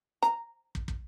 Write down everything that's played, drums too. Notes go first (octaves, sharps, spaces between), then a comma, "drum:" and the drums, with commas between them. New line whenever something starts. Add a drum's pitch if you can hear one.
A#5, drum: rim click
drum: kick
drum: kick